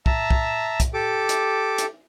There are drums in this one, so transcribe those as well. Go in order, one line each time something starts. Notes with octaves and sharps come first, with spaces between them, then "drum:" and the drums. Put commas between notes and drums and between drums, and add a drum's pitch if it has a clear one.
E5 A5 A#5, drum: kick
drum: kick
drum: kick, hi-hat
G4 A4 D6
drum: hi-hat
drum: hi-hat